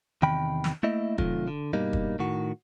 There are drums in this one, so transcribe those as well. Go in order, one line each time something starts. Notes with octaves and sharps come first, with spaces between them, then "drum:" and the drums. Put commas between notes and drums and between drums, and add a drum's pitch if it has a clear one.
E2 C3 D#3 G5 B5
drum: snare
A3 A#3 E4 D#5 E5
C3 D#3 F#3 A3 F4, drum: kick
D3
G2 B2 G3 A#3 D#4
drum: kick
A2 D#3 F#4